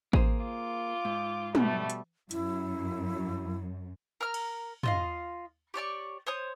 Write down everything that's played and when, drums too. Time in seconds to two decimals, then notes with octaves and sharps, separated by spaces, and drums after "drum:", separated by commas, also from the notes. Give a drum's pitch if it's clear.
0.13 A#3 G#4 C5, drum: kick A1
0.45 F4 D6
1.05 G#2
1.55 B2 G3 A3, drum: tom
1.90 drum: hi-hat
2.31 F#2 E4, drum: hi-hat
4.21 A#4 A#5 F6
4.34 drum: cymbal
4.83 F4 D#5 F5, drum: tom
5.74 G4 C#5 D5 C#6
6.27 C5 C#5 D#6